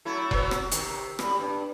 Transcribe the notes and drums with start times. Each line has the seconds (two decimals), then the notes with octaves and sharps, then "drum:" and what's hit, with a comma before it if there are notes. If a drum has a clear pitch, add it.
0.05 F#3 A3 E4
0.31 F#3 B3 C4, drum: kick F1
0.51 drum: rim click
0.72 C3 D#3, drum: hi-hat
1.19 A2 G3, drum: rim click
1.40 G2